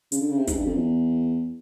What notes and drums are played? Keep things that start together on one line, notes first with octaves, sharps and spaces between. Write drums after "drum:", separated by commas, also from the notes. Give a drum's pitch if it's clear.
C#3, drum: hi-hat
D3
C#3
C3
G#2, drum: kick, hi-hat
G2
F2
E2